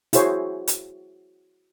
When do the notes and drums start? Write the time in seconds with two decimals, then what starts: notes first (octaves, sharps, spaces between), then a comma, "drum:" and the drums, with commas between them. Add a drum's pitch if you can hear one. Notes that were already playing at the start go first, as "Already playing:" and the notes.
0.13 E4 F#4 G#4 C5 C#5, drum: hi-hat
0.67 drum: hi-hat